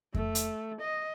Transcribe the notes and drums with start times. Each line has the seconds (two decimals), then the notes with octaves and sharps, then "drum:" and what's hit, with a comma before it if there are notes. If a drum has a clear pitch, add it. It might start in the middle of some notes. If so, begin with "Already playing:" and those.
0.14 A3, drum: kick F2
0.35 drum: hi-hat
0.81 D#5